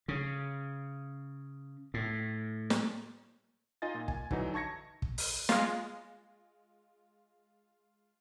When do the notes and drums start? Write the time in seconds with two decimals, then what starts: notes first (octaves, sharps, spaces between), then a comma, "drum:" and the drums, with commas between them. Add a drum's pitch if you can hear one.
0.08 C#3
1.94 A2
2.70 drum: snare
3.82 D#4 F4 D#5 G#5 A6
3.95 A#2
4.08 G#5, drum: kick
4.31 D3 E3 F#3 D#4, drum: kick
4.54 A5 C#6 G#6 A#6 C#7
5.02 drum: kick
5.18 drum: open hi-hat
5.49 G#3 F4, drum: snare